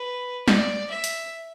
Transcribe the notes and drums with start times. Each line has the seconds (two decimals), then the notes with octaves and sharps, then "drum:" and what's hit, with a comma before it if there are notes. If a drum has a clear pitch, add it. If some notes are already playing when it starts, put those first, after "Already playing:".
Already playing: B4
0.48 D5, drum: snare
0.90 E5
1.04 drum: hi-hat